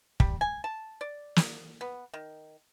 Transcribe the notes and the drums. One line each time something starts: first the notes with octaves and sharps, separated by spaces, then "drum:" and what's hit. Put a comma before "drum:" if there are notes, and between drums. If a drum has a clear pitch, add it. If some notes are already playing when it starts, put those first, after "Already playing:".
G3, drum: kick
G#5
A5
D5
drum: snare
B3
D#3